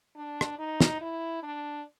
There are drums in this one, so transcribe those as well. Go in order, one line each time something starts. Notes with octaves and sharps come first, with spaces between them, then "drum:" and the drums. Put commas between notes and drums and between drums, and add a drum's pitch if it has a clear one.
D4
drum: rim click
D#4
drum: snare
E4
D4